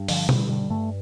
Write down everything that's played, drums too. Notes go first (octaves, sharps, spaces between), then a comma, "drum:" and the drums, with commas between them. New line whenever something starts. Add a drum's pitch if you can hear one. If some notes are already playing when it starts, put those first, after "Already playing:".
Already playing: G2
D3 F3, drum: open hi-hat
D3 G3, drum: tom B2
G2 G3
G2 A3